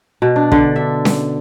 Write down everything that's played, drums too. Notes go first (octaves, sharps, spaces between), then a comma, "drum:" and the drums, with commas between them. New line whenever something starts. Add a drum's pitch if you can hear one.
B2
D4
D3, drum: kick
E5
drum: snare C#4